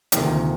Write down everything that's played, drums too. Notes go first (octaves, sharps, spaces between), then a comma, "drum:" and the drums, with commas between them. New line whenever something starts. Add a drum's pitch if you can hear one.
D2 C3 D#3 F3 A#3, drum: hi-hat